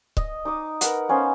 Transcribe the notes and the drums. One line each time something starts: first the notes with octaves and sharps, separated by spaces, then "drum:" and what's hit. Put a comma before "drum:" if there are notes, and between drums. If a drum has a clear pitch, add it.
D#5, drum: kick C#1
D#4 D6 D#6
A#4 B4 F#5, drum: hi-hat
B3 C#4 C5 F5